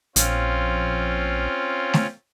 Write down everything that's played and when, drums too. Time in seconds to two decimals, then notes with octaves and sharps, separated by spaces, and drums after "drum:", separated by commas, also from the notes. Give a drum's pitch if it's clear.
0.16 A#1 C4 C#4 F4, drum: hi-hat
1.94 drum: snare A3